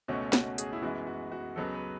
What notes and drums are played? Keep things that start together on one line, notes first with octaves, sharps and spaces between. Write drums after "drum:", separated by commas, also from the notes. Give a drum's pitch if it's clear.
C#2 B2 A3 C#4 F#4
F#4, drum: snare
G#4, drum: hi-hat
E4
F#2 E3 G#3 B3 F#4
F#4
F#4
C#2 C#3 F#3 B3 A4
B4